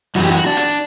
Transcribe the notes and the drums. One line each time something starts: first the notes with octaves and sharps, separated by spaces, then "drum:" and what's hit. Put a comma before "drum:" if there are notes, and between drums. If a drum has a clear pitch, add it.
F#2 E3 F#4
G4
F#4
D4
drum: hi-hat